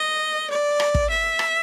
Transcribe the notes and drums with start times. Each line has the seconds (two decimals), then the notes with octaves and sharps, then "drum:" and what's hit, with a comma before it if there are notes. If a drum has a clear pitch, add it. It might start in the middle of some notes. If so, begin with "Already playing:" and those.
Already playing: D#5
0.50 D5
0.80 drum: rim click
0.95 drum: kick
1.10 E5
1.39 drum: rim click